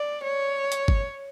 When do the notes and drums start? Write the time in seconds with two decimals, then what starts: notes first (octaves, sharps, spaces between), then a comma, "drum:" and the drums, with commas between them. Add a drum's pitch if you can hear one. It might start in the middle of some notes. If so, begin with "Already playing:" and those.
Already playing: D5
0.24 C#5
0.72 drum: hi-hat
0.88 drum: kick